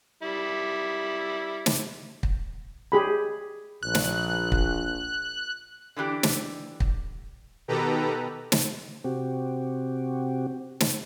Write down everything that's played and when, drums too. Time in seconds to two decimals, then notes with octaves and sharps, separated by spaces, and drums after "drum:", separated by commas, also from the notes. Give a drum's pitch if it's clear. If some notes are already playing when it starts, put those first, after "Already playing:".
0.23 G3 E4
1.66 drum: snare
2.23 drum: kick
2.92 G4 G#4 B5
3.83 A#1 F#6
3.95 drum: snare
4.52 drum: kick
5.96 D3 E3 D4 G4
6.23 drum: snare
6.80 drum: kick
7.68 B2 D#3 G4 A4 B4 A#5
8.52 drum: snare
9.04 C3 C4 F#4 G4
10.80 drum: snare